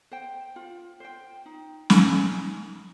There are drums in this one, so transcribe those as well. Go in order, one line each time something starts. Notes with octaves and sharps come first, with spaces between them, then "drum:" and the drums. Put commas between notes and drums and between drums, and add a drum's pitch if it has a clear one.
C5 G5
F4
C5 G5
D#4
A#4 D#5 G#5, drum: snare
D#4